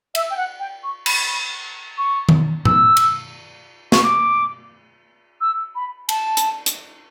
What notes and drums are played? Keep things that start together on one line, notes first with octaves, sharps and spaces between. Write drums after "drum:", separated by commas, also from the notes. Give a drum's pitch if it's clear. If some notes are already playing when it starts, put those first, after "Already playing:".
E5, drum: cymbal
G5
F#5
G5
C#6
B5, drum: cymbal
C#6
drum: tom D#3
E6, drum: tom A2
drum: cymbal
C#6, drum: snare
D6
E6
B5
A5, drum: cymbal
drum: hi-hat
drum: hi-hat